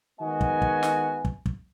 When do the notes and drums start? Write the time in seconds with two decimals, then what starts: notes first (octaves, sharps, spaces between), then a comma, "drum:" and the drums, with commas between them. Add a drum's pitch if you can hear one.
0.20 D#3 G#3 B3 F#4 D#5 G#5
0.41 drum: kick
0.62 drum: kick
0.83 drum: snare
1.25 drum: kick
1.46 drum: kick